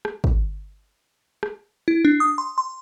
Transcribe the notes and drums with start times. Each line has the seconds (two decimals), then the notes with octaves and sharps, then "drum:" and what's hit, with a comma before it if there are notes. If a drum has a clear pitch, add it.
0.05 drum: rim click
0.24 drum: kick
1.43 drum: rim click
1.88 E4
2.05 D4
2.20 D#6
2.38 C6
2.58 C6